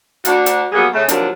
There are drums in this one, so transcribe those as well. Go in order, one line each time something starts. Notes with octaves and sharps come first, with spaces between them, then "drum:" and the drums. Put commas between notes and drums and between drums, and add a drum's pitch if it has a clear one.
D2 D4 F#4, drum: hi-hat
drum: hi-hat
F#3 G3 A#3 B3 G#4
C#3 A3
D#2 C3 F3 F#3 A#3 D4, drum: hi-hat